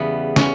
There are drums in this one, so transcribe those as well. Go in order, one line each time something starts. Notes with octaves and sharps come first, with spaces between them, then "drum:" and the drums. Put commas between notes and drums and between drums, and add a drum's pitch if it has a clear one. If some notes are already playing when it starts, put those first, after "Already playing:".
Already playing: E2 C#3 G3 B3
C#4, drum: snare